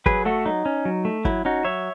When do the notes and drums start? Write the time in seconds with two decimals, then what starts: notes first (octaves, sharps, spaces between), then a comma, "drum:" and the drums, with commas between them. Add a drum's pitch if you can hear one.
0.06 F#3 G#4 B4, drum: kick
0.25 A3 F#4 A4
0.46 F#3 D#4
0.66 C#4
0.85 F#3
1.05 A3
1.25 F#3 E4, drum: kick
1.45 C#4 D#4 F#4
1.65 F#3 C#5 E5